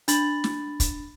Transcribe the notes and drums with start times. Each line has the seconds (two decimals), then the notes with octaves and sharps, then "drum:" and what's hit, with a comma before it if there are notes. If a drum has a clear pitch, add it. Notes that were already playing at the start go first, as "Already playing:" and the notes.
0.08 D4 B5 A6 F#7, drum: hi-hat
0.44 drum: snare
0.80 drum: kick, hi-hat